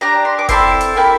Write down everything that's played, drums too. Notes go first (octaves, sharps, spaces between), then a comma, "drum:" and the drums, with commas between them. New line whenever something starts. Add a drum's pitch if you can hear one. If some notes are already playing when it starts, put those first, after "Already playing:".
D4 G4 A#5
C6
D6
C4 E4 A4 C6, drum: kick F1, hi-hat
drum: hi-hat
A#3 E4 G4